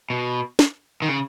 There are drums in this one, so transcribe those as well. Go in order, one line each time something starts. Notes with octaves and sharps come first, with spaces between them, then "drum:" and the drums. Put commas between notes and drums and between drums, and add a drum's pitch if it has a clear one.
B2
drum: snare
D#3
C#3